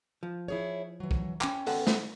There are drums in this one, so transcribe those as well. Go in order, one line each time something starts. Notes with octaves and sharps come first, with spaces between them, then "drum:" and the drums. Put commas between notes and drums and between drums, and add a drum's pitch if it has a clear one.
F3
E4 G#4 C#5
E3 F#3
drum: kick
C#4 G5, drum: clap
B3 A4 F#5, drum: open hi-hat
drum: snare